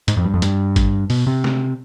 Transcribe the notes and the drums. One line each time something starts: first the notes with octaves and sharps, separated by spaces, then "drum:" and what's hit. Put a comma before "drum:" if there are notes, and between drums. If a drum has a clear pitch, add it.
G#2, drum: hi-hat
F2
G2
F2
G2, drum: hi-hat
drum: kick, hi-hat
B2, drum: open hi-hat
C3
drum: snare